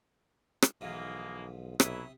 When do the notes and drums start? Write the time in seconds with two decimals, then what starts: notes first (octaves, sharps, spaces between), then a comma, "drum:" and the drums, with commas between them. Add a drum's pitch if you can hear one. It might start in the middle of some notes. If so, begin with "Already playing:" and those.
0.62 drum: rim click
0.81 B1 G#2 B2 E3 F3 G#3 A#3
1.80 B1 C3 E3 F#3 E4 E5 D#6, drum: rim click